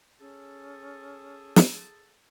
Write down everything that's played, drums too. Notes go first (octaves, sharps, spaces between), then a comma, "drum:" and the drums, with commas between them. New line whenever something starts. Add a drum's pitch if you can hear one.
C#4 G#4 A4
drum: snare